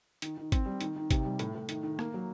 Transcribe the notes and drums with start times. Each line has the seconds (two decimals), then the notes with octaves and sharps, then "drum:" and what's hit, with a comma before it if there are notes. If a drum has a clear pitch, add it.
0.22 D#3, drum: hi-hat
0.37 D#3
0.52 C4, drum: kick, hi-hat
0.66 G3
0.81 D#3, drum: hi-hat
0.96 D#3
1.11 C3, drum: kick, hi-hat
1.25 G3
1.39 A2, drum: hi-hat
1.55 A2
1.69 D#3, drum: hi-hat
1.83 D#3
1.99 A#3, drum: rim click
2.14 F#3